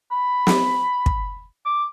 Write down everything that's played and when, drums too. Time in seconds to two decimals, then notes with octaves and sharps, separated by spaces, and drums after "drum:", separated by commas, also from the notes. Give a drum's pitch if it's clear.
0.11 B5
0.47 drum: snare
1.06 drum: kick
1.65 D6